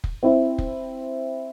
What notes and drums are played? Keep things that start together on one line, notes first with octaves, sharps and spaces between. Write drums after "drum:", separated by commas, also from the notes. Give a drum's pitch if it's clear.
drum: kick F1
C4 E4
drum: kick F1